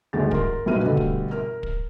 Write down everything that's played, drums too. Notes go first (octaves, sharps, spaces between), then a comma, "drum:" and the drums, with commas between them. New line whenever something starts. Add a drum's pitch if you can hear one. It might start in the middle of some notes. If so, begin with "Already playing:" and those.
G1 D2 G#2 A3 G#4 A6
A#4 C6, drum: kick
B1 G2 A#2 B4 F6 D#7
B2 D3 G3 A3
drum: kick
A#4 F6
drum: kick